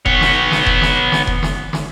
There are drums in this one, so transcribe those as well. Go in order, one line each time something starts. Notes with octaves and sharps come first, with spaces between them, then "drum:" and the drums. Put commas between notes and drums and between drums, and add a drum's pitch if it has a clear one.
B3 C#5, drum: kick F1
drum: snare
drum: snare
drum: kick F1
drum: snare
drum: snare
drum: kick F1
drum: snare
drum: snare